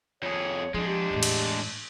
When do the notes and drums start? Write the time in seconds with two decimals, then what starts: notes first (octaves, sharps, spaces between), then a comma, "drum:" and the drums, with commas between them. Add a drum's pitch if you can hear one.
0.23 F2 G#4 C#5
0.74 F3 G#3 D4 G#4
0.87 G4
1.11 E2 A2
1.23 drum: cymbal